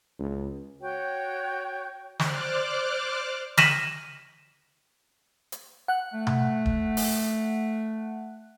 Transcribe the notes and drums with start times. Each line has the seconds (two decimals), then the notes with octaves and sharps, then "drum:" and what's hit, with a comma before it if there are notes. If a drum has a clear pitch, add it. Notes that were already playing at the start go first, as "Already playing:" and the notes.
0.19 C#2
0.81 F#4 C#5 G5
2.19 C5 D5 D6 F6 F#6, drum: snare
3.58 F6 A#6 B6 D#7 E7 F#7, drum: snare
5.52 drum: hi-hat
5.88 F#5 F#6
6.13 A3
6.27 drum: tom B2
6.66 drum: kick D#1
6.97 drum: open hi-hat